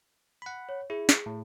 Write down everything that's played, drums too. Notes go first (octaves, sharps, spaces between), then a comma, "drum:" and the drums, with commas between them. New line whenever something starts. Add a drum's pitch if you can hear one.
F#5 B5
C#5
E4 G#4
drum: snare
A2